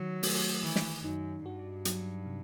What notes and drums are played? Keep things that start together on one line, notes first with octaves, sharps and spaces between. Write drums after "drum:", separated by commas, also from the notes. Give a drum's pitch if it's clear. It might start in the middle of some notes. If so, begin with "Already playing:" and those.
Already playing: D#3 F#3
A3, drum: open hi-hat
D#3 E3
drum: snare
F#2 D#4
G2 F#4
F#3, drum: hi-hat
C3